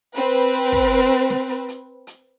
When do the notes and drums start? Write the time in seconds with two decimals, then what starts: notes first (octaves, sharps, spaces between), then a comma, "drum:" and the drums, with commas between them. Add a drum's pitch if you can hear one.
0.15 C4 B4, drum: hi-hat
0.34 drum: hi-hat
0.53 drum: hi-hat
0.72 drum: kick, hi-hat
0.92 drum: hi-hat
1.11 drum: hi-hat
1.30 drum: snare
1.49 drum: hi-hat
1.68 drum: hi-hat
2.07 drum: hi-hat